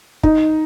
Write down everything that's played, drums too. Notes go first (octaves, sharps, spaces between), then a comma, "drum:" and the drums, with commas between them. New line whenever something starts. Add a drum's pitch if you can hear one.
D#4, drum: kick